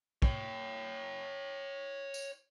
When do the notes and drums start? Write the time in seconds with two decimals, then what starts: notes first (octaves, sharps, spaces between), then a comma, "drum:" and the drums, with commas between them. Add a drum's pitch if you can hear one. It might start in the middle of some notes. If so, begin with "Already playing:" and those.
0.22 C#5 G5, drum: kick
2.14 drum: tambourine